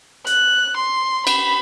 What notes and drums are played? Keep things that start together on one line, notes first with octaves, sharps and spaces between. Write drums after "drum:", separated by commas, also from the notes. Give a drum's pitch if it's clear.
F#6, drum: hi-hat
C6
B5, drum: cymbal